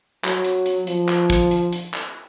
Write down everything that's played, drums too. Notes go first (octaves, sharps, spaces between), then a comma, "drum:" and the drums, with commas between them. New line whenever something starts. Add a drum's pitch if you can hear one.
F#3, drum: clap
drum: hi-hat
drum: hi-hat
F3, drum: hi-hat
drum: clap
drum: kick, hi-hat
drum: hi-hat
drum: hi-hat
drum: clap